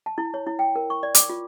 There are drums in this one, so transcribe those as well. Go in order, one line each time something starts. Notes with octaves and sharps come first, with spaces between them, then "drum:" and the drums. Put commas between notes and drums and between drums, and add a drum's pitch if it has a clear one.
A5
E4
C#5
E4
G5
A#4
C#6
D5
D6, drum: hi-hat
F4